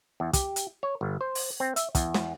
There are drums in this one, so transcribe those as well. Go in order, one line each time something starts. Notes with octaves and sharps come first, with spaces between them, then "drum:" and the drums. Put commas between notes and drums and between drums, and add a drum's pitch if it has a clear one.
E2
G4, drum: kick, hi-hat
drum: hi-hat
C#5
G1
C5
drum: open hi-hat
C4
E5, drum: hi-hat
E2, drum: kick, hi-hat
drum: snare